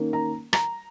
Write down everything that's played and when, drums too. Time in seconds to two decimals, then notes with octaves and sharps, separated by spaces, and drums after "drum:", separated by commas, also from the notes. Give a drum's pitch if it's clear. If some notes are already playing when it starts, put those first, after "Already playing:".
Already playing: D#3 A#3 C#4
0.13 A#5
0.53 A#5, drum: rim click